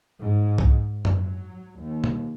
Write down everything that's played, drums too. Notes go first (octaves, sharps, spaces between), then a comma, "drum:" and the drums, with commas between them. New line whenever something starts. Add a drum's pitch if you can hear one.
G#2
drum: kick C2
F#3, drum: tom F#2
D#2
drum: tom